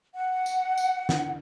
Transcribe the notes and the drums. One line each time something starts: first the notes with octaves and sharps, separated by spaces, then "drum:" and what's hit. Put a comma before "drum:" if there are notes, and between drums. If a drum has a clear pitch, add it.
F#5
drum: tambourine
drum: tambourine
drum: snare